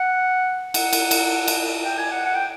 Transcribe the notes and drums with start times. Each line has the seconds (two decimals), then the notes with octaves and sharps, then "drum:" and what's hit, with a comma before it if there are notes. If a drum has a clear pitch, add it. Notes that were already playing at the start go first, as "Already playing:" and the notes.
Already playing: F#5
0.74 F#5, drum: cymbal
0.93 drum: cymbal
1.11 drum: cymbal
1.48 drum: cymbal
1.84 G5
1.98 G#5
2.11 F#5
2.26 F#5
2.35 G5